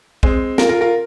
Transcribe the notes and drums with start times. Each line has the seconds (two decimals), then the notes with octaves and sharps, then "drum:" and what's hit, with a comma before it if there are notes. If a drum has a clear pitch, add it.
0.23 G#3 C4, drum: kick
0.58 F4 A#4, drum: snare
0.69 F4 A#4
0.81 F4 A#4